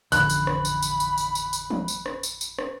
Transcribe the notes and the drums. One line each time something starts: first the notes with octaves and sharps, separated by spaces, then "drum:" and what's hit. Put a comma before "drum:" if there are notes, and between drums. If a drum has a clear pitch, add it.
A1 F2 D3 B5 F#6, drum: tambourine
drum: tambourine
drum: rim click
drum: tambourine
drum: tambourine
drum: tambourine
drum: tambourine
drum: tambourine
drum: tambourine
drum: tom
drum: tambourine
drum: rim click
drum: tambourine
drum: tambourine
drum: rim click